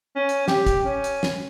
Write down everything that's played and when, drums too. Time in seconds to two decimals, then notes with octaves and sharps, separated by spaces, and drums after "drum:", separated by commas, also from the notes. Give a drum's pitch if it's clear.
0.16 C#4
0.29 drum: hi-hat
0.48 G4, drum: snare
0.67 drum: kick, hi-hat
0.85 C#4
1.04 drum: hi-hat
1.23 drum: snare